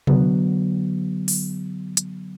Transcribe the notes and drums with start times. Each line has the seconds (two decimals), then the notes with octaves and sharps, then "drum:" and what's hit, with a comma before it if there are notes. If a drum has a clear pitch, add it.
0.07 D3 F#3 B3, drum: tom C3
1.28 drum: open hi-hat
1.97 drum: hi-hat